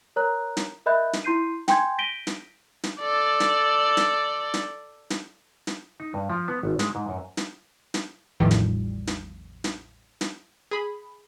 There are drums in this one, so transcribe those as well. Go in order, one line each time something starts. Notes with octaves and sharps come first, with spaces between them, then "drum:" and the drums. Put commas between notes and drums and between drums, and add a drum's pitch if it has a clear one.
A#4 C#5 A#5 F#6
drum: snare
A#4 D#5 E5 B5 F#6 G6
drum: snare
E4 C6 G6 C7 D#7
G5 G#5 C6 G6 G#6, drum: snare
G6 A#6 B6 D7 D#7 G7
drum: snare
drum: snare
A4 D5
drum: snare
drum: snare
drum: snare
drum: snare
drum: snare
D#4
G2
F3
B3
G#1
G#3, drum: snare
G#2
F#2
drum: snare
drum: snare
A1 E2 A2 D#3 F3 G3
drum: snare
drum: snare
drum: snare
drum: snare
G#4 B5